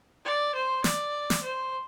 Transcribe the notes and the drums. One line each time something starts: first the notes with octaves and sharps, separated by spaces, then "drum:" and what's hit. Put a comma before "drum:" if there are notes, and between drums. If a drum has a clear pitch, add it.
D5
C5
D5, drum: snare
drum: snare
C5